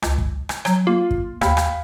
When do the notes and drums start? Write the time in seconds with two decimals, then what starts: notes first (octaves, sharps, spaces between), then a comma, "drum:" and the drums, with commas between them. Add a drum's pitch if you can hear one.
0.02 C#2, drum: rim click
0.18 drum: kick
0.49 drum: rim click
0.65 F#3, drum: rim click
0.87 A#3 F4
1.11 drum: kick
1.41 D#2 F5 G5 B5, drum: rim click
1.57 drum: rim click